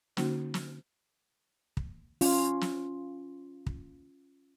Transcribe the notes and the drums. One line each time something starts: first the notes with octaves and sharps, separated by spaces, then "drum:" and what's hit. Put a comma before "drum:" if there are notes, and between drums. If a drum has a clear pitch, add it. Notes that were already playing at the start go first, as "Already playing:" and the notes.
D3 A#3 C#4 D#4 F#4, drum: snare
drum: snare
drum: kick
C#4 F4, drum: open hi-hat
drum: snare
drum: kick